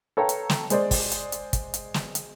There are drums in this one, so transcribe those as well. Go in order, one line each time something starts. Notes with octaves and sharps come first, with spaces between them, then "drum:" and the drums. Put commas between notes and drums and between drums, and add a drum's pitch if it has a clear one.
A4 B4 C#5 F5 G5 A#5
drum: hi-hat
drum: snare
G#3 C5 D5, drum: hi-hat
drum: kick, open hi-hat
drum: hi-hat
drum: hi-hat
drum: kick, hi-hat
drum: hi-hat
drum: snare
drum: hi-hat